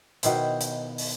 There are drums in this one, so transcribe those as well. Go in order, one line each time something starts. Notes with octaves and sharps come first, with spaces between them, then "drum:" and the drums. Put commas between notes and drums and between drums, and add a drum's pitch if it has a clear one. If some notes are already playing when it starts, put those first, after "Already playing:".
B2 D#3 E4 C5, drum: hi-hat
drum: hi-hat
drum: open hi-hat